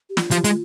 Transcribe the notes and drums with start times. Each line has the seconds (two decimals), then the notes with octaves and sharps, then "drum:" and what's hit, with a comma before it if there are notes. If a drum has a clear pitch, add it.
0.09 G4
0.17 F4, drum: snare
0.31 F3 G4, drum: hi-hat
0.44 G#3 F4, drum: hi-hat